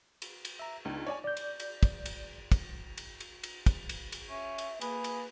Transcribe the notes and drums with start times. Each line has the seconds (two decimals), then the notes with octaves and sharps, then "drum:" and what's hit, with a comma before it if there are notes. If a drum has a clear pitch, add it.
0.22 drum: cymbal
0.45 drum: cymbal
0.59 E5 A#5
0.85 C#2 B3 D4 D#4
1.07 C#5 D5 G#5
1.24 D5 G6
1.37 drum: cymbal
1.60 drum: cymbal
1.83 drum: kick, cymbal
2.06 drum: cymbal
2.52 drum: kick, cymbal
2.98 drum: cymbal
3.20 drum: cymbal
3.43 drum: cymbal
3.66 drum: kick, cymbal
3.89 drum: cymbal
4.12 drum: cymbal
4.29 C#4 E5
4.58 drum: cymbal
4.81 A#3 G#4 B4, drum: cymbal
5.04 drum: cymbal